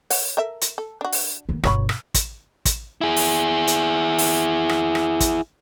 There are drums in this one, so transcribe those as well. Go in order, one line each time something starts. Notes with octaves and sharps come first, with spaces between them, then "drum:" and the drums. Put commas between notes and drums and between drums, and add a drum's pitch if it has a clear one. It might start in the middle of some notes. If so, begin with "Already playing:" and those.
C#5 F#5, drum: open hi-hat
A4 A#4 E5
drum: hi-hat
A4
D4 F#4
drum: open hi-hat
D#3 A#3
G1 B2 F#3 C#5 B5, drum: rim click
drum: rim click
drum: kick, hi-hat
drum: kick, hi-hat
E4 G#4
drum: open hi-hat
drum: hi-hat
drum: open hi-hat
drum: rim click
drum: rim click
drum: kick, hi-hat